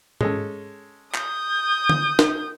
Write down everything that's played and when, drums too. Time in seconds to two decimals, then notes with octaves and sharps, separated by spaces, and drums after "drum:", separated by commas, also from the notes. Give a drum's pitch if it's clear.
0.21 G#3 C#4 A4, drum: tom G#2
1.14 D#6 G6, drum: clap
1.89 drum: tom D3
2.19 drum: snare